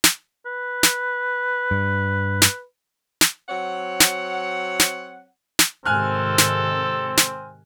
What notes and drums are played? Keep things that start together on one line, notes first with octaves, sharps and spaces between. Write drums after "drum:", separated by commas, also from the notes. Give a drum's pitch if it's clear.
drum: snare
B4
drum: snare
G2
drum: snare
drum: snare
F#3 C4 C#5 F#5
drum: snare
drum: snare
drum: snare
G#2 C3 D#3 C4 A4 G#5 F6 F#6
drum: snare
drum: snare